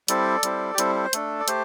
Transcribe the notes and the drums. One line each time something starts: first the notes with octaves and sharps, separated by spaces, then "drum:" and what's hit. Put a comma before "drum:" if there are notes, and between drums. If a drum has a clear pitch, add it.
G3 C4 E4 A4 D5, drum: hi-hat
G3 C4 E4, drum: hi-hat
G4
G3 C4 E4 A4, drum: hi-hat
A4
C5
A3 D4 A4, drum: hi-hat
D5
A3 G4 C5, drum: hi-hat